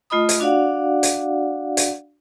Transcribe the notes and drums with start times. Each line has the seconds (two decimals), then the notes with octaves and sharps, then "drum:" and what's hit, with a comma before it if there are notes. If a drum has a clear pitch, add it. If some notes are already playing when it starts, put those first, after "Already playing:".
0.10 A3 F4 D#5 B5 D#6
0.29 drum: hi-hat
0.40 D4 F#4 D5 F5 F#5
1.03 drum: hi-hat
1.77 drum: hi-hat